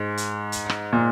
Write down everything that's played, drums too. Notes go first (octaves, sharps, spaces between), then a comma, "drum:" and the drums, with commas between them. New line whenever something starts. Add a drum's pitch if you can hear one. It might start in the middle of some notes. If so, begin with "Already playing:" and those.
Already playing: G#2
drum: hi-hat
drum: hi-hat
drum: rim click
A#2